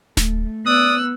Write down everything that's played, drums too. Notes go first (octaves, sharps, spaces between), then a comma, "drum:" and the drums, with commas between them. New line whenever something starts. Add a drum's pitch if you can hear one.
A3, drum: snare D1
B3 D5 D#6 E6 F#6